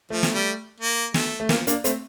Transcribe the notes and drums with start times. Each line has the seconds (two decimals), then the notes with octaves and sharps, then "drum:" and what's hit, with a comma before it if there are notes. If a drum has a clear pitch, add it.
0.10 F3 A3
0.23 drum: snare
0.34 G3
0.80 A#3
1.14 A3, drum: snare
1.40 A3
1.49 F3 A#3, drum: snare
1.67 A#3 D4, drum: hi-hat
1.84 A3 C4, drum: hi-hat